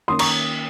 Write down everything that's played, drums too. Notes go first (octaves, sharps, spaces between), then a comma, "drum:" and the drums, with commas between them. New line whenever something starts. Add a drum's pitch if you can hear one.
D#3 A#3 C#4 C6 D#6
A#5 C#6, drum: cymbal